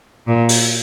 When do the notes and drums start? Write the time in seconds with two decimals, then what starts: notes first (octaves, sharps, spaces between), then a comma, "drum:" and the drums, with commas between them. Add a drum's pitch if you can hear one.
0.27 A#2
0.49 drum: open hi-hat